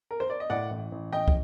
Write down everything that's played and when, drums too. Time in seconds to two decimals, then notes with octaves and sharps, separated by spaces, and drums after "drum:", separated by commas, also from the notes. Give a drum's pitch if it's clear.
0.11 A#4
0.20 C5
0.30 D5
0.40 D#5
0.50 A2 D5 F#5
0.70 A1
0.92 A1
1.12 A1 D#5 G5
1.28 drum: kick